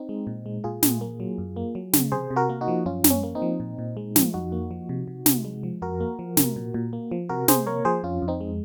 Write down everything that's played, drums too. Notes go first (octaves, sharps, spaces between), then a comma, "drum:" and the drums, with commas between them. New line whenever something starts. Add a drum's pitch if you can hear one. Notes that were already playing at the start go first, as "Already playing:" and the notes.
Already playing: C4 D#4
G#3
A#2
G#3
A#2 F4 G#4
A#2, drum: snare
A#3
F#3
F#2
A#3
F#3
C#3, drum: snare
C3 G#4 C5
C3
F#4 A#4
A#3
D#4 F#4
F3
F#2 C#4 F4
F#2, drum: snare
C#4
A#3
C4 D#4
F3
A#2
A#2
G#3
F3, drum: snare
F2 D#4 F#4
A#3
F3
C3
C3
C3, drum: snare
G#3
F3
F2 F#4 A#4
A#3
F3
C3, drum: snare
A#2
A#2
A#3
F3
C3 F#4 A#4
C3 G#4 C5, drum: snare
A#3 A#4 C#5
F3 G#4 C5
F2 C#4 F4
F2
C4 D#4
G#3